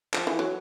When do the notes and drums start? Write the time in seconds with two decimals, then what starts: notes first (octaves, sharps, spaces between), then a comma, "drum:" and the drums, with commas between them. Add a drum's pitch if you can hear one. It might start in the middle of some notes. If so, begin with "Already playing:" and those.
0.14 F3, drum: clap
0.27 E3
0.39 F#3